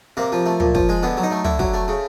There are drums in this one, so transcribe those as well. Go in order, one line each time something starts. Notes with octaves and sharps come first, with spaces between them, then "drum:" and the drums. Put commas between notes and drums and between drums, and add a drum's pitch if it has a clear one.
C3 A#3
F3
A3
A#2, drum: tom
F3, drum: kick
G#3
D3 B3
F#3
D#4
A3
D3 E4, drum: tom
F#3, drum: kick
A3
C#3